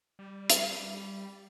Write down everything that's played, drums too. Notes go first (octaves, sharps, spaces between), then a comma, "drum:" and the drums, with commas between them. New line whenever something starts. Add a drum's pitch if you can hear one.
G3
drum: hi-hat